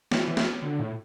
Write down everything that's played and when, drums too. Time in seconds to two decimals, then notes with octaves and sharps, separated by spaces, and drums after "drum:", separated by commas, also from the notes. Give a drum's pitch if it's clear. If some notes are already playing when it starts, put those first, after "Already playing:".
0.11 E3, drum: snare
0.28 E3
0.37 drum: snare
0.62 D3
0.80 A2